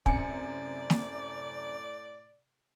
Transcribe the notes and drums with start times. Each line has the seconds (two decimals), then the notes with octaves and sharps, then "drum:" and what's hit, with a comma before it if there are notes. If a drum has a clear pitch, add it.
0.06 F#2 A2 C3 D5 G#5 C#7, drum: kick
0.90 drum: snare